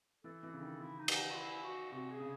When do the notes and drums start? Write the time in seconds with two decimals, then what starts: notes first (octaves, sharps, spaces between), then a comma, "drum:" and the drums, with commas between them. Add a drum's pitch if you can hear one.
0.24 E3 A4
0.43 E3
0.54 C#3
0.61 D#3
0.80 C#3 E4
0.99 D#4
1.08 drum: cymbal
1.18 D#4
1.31 F#4
1.36 E4
1.64 F#4
1.92 C3 F#4
2.11 G#4
2.20 C#3